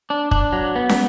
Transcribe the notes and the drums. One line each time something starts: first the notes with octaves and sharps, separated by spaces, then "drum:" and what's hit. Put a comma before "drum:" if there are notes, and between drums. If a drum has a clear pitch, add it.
D4
D4, drum: kick
F#3
B3
drum: snare